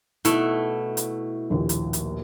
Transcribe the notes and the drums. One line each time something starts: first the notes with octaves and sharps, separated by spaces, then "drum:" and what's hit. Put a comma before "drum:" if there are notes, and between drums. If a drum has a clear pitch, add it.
B2 A3 E4, drum: hi-hat
drum: hi-hat
A#1 D#2
drum: hi-hat
drum: hi-hat